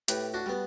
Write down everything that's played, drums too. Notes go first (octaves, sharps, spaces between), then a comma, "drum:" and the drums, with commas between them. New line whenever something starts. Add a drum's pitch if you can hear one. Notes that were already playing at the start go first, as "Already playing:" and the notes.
A2 G4 B4, drum: hi-hat
D4 F#4
G3 B3